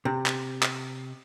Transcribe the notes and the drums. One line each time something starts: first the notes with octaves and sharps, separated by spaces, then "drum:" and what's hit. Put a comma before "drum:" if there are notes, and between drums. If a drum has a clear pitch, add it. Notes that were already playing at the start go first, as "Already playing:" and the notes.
C3
drum: clap
drum: clap